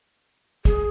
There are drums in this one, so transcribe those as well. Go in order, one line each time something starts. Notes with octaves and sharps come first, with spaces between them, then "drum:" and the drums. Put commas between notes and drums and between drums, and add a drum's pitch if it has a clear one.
G#4, drum: kick, hi-hat